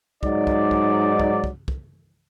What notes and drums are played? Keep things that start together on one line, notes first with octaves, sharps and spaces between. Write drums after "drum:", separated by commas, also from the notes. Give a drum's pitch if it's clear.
G#2 F#3 D#4 D5, drum: kick
drum: kick
drum: kick
drum: kick
drum: kick
drum: kick